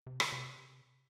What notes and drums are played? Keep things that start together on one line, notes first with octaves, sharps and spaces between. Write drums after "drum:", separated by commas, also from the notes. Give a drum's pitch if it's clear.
C3
D3, drum: rim click
C3